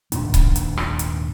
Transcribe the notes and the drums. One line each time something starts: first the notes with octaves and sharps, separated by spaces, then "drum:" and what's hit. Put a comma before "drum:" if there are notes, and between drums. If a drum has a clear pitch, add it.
D#1 G#2 G#3 D4, drum: hi-hat
drum: kick C#1, hi-hat
drum: hi-hat
drum: rim click
drum: hi-hat